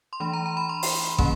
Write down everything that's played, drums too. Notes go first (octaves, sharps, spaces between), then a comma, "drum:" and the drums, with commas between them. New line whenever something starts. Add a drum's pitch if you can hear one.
C6
E3 A3 D4 B5
A#5
A#5
B5
C6
drum: open hi-hat
D#3 F#3 A#3 C#4 B5, drum: kick